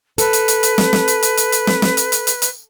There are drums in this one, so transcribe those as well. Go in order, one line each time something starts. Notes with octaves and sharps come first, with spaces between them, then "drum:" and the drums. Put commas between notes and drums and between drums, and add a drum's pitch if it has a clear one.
A4 B4, drum: hi-hat
drum: hi-hat
drum: hi-hat
drum: hi-hat
drum: snare
drum: snare
drum: hi-hat
drum: hi-hat
drum: hi-hat
drum: hi-hat
drum: snare
drum: snare
drum: hi-hat
drum: hi-hat
drum: hi-hat
drum: hi-hat